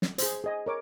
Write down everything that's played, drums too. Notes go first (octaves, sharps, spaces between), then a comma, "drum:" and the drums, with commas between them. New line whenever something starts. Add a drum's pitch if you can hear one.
drum: snare
G#4 C5, drum: hi-hat
G#4 D#5 G#5
A#4 C#5 D6